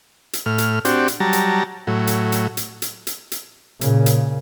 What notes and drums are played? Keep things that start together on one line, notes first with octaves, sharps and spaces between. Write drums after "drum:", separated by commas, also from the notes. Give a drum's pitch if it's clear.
drum: hi-hat
A2 F6
drum: hi-hat
C4 D4 F#4 G4, drum: hi-hat
drum: hi-hat
F#3 G3 A5 A#5
drum: hi-hat
A2 F#3
drum: hi-hat
drum: hi-hat
drum: hi-hat
drum: hi-hat
drum: hi-hat
drum: hi-hat
A#2 C#3, drum: hi-hat
drum: hi-hat